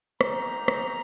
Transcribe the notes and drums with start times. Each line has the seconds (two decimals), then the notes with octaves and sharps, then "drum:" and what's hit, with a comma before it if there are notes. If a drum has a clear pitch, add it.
0.21 A#3 D#4 G4 A#5, drum: rim click
0.68 drum: rim click